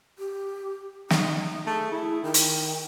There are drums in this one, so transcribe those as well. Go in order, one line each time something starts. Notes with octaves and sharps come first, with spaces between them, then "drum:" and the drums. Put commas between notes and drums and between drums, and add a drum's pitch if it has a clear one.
G4
D#4, drum: snare
A3 G#4
E4
D#3 G5
drum: hi-hat